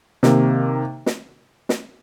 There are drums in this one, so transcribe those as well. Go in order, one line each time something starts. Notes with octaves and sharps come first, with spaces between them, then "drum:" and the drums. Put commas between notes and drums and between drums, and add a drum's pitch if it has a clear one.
C3 D#3 A#3, drum: snare
drum: snare
drum: snare